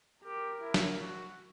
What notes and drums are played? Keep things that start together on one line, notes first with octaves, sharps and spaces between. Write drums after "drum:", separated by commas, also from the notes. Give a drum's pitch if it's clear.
G4 A#4
E4
drum: snare
F#4